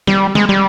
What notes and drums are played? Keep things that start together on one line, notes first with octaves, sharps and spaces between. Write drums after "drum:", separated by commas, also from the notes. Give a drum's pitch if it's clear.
G3, drum: snare
G#3, drum: snare
G3